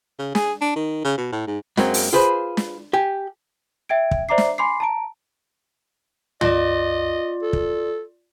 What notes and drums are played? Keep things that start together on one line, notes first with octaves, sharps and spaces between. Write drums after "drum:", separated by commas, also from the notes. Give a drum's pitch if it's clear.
C#3
G#4, drum: snare
D4
D#3
C#3
B2
A2
G#2
F#2 F#3 G#3 A#3 C4, drum: snare
drum: open hi-hat
F4 G#4 B4 C5
drum: snare
G4 G#5
E5 G5 G#6 D7
drum: kick
C5 D5 E5 A#5 D6 C7
drum: snare
G#5 B5 C6 D6 C7
A5 A#5 D7
F4 D5 D#5, drum: tom
A4
drum: kick